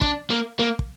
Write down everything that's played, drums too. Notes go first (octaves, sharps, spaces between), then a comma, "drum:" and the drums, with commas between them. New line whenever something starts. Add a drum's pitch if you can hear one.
D4, drum: kick
A#3
A#3
drum: kick